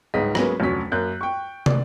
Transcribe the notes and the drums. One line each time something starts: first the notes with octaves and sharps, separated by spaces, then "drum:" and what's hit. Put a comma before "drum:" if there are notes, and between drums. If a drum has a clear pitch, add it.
G1 C#2 G#2 B3 D#5 B6
F#3 G#3 A#3 B3 C#4, drum: rim click
F1 D2 F#3 C#4 B6
F#2 A#3 F#6 G6
G5 C#6
D5, drum: tom